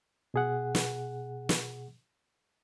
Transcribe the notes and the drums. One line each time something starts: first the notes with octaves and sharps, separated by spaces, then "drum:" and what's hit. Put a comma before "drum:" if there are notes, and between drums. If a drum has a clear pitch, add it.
B2 G#4 F#5
drum: snare
drum: snare